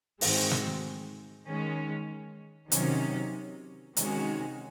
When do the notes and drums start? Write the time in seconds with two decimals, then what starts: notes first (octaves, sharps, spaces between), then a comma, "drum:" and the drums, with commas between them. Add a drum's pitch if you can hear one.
0.21 G#2 D#3 G#3 C4 F#4, drum: open hi-hat
0.51 drum: snare
1.46 D#3 G#3 C#4
2.72 C3 D#3 F#3 C#4, drum: hi-hat
3.97 C3 D#3 G#3 C#4 F#4, drum: hi-hat